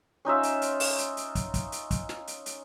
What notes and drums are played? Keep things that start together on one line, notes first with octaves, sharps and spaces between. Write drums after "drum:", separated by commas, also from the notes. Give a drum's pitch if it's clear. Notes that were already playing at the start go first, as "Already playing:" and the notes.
C#4 D#4 F4 E5
drum: hi-hat
drum: hi-hat
drum: open hi-hat
drum: hi-hat
drum: hi-hat
drum: kick, hi-hat
drum: kick, hi-hat
drum: hi-hat
drum: kick, hi-hat
drum: snare
drum: hi-hat
drum: hi-hat